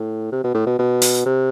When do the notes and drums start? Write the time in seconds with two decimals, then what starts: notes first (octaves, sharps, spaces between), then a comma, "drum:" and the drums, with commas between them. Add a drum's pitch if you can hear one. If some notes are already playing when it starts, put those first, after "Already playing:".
Already playing: A2
0.32 C3
0.44 B2
0.54 A2
0.66 B2
0.79 B2
1.02 drum: open hi-hat
1.25 C3